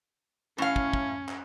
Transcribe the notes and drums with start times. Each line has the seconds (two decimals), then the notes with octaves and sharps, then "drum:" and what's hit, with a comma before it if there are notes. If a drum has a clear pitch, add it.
0.58 A2 C#4 F5
0.76 drum: kick
0.93 drum: kick
1.29 drum: clap